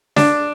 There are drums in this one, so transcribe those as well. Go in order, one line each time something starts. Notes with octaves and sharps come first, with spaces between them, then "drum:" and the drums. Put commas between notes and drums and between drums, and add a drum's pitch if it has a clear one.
D4, drum: snare